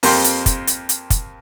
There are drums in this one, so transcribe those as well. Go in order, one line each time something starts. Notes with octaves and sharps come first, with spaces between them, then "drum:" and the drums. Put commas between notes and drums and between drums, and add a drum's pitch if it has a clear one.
F2 A#3 C4 G4 C6, drum: open hi-hat
drum: hi-hat
drum: kick, hi-hat
drum: hi-hat
drum: hi-hat
drum: kick, hi-hat